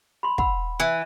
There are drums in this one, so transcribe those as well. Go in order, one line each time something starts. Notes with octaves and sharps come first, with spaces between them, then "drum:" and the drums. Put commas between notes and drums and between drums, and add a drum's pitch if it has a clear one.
B5 C6
F#5 B5 E6, drum: kick
E3